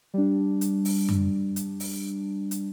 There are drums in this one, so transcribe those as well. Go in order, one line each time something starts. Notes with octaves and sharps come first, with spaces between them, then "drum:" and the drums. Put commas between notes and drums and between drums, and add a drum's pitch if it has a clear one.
G3 D4
drum: hi-hat
drum: open hi-hat
drum: tom F#2
drum: hi-hat
drum: open hi-hat
drum: hi-hat